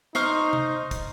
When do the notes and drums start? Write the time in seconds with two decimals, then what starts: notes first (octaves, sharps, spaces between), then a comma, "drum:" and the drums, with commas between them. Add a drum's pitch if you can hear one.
0.15 D#4 C5 C#6 F6, drum: snare
0.53 drum: tom C3
0.91 drum: kick, hi-hat